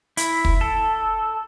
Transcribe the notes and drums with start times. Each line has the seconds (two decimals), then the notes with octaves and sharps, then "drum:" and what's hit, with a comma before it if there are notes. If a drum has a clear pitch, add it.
0.17 E4, drum: hi-hat
0.45 drum: kick
0.61 A4